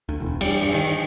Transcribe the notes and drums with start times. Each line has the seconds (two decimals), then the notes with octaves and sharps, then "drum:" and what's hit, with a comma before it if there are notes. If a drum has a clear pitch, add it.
0.09 D2
0.20 E1
0.41 G3, drum: cymbal
0.62 G2
0.74 D#3